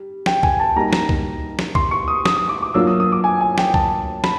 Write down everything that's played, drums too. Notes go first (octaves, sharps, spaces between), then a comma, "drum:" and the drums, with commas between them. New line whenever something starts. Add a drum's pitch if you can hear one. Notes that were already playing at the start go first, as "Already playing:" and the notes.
Already playing: G3
G5, drum: snare
G#5, drum: kick C2
A5
G3 A#3 D#4 F#4 A#5
drum: snare
drum: kick C2
drum: snare
C6, drum: kick C2
C#6
D#6
D#6, drum: snare
D#6
D6
D6
F#3 A#3 D4 F4 E6
D#6
D#6
D6
G#5
G#5
G5, drum: snare
A5, drum: kick C2
B5, drum: snare